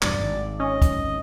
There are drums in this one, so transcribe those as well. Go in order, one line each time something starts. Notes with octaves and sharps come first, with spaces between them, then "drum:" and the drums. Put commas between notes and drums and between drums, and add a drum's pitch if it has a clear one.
E1 B1 G2 D5, drum: clap
G#1
C#4 D#5
drum: kick, hi-hat